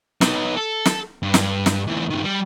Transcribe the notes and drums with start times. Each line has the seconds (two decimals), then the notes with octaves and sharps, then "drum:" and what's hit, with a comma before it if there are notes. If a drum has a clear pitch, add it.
0.21 B3 D#4, drum: snare
0.57 A4
0.85 drum: snare
1.23 G2
1.34 drum: snare
1.66 drum: snare
1.88 D2 E3
2.11 G2 D#3
2.24 G3